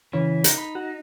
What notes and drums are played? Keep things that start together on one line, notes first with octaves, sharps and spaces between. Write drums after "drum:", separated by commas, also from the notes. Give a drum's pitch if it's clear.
C#3 E3
D#4, drum: hi-hat
B5
F#4